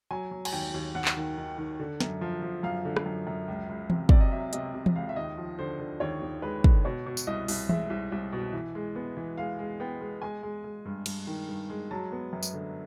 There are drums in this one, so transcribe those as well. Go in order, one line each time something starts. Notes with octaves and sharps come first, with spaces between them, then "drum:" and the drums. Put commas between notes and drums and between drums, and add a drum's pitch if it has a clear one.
F#3 G#5
F#3
G#5, drum: cymbal
D#2 G5
D#2
D#2 F#5
drum: clap
D#3
D#3
D#3
D3
F#2, drum: snare
F3
F3
F#2 F5
D3
drum: rim click
F#2
F#2
C#2
C#2
C3, drum: tom E3
C3 D5, drum: kick
D#5
F#3 E5
C3 D#5, drum: hi-hat
C3
drum: tom E3
C#2 F5
E5
D#2 D#5
F3
D3 C5
D3
D#2 C#5
D#2
G#3 B4
D3, drum: kick
B2 C#5
B2
drum: tambourine
C2 D#5
C2, drum: open hi-hat
G#3 E5, drum: tom E3
C2
C2
B2
E3
G#3
B3
E3
G#3 F5
G#3
B3 G5
G#3
G#3 G#5
G#3
G#3
G2
G2, drum: cymbal
D#3
G2
G#3
F#3 A5
B3
F#2
drum: tambourine
D3